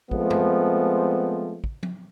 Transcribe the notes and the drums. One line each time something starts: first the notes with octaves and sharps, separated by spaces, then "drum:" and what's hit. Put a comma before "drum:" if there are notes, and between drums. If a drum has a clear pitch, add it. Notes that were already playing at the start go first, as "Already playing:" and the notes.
F3 G#3 A3 B3 C4, drum: kick
drum: tom F#2
drum: kick
drum: tom F3